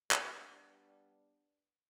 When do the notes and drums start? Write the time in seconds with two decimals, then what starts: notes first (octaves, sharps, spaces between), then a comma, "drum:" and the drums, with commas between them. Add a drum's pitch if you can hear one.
0.11 G3 B3 D4, drum: clap